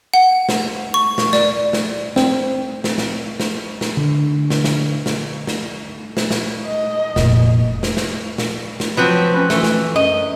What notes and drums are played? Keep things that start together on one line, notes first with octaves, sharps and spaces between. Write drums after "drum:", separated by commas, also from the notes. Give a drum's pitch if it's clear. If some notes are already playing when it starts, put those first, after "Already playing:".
F#5
drum: snare
C#6
drum: snare
D5, drum: snare
drum: snare
C4, drum: snare
drum: snare
drum: snare
drum: snare
drum: snare
D3
drum: snare
drum: snare
drum: snare
drum: snare
drum: snare
drum: snare
D#5
F1 A#2, drum: snare
drum: snare
drum: snare
drum: snare
drum: snare
F3 F#3 C4 B4
C#4
E3 A3, drum: snare
drum: snare
F#2 D#5